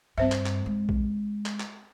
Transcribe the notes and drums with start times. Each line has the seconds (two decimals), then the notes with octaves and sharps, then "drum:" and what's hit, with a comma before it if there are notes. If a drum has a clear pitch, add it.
0.18 G2 C4 C5 E5
0.32 drum: clap
0.46 drum: clap
0.66 G#3
0.89 drum: kick A#1
1.46 drum: clap
1.60 drum: clap